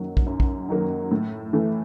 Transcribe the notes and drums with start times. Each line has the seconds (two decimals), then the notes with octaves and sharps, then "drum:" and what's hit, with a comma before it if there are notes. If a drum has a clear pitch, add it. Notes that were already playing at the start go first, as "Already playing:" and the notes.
Already playing: F#2 D#3 F#3 A#3
0.17 drum: kick
0.26 F#2
0.40 drum: kick
0.68 D#3 F#3 A#3
1.11 A2
1.53 E3 A3